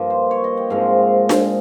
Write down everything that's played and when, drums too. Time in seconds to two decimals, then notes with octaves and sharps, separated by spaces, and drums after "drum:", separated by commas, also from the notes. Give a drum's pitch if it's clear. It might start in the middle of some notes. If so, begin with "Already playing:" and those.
Already playing: G2 F3 A#3 D#4 F4 D#5
0.10 C5
0.31 C#5
0.44 D#5
0.57 G5
0.70 G#2 F3 G#3 C4 F5
1.29 drum: snare D4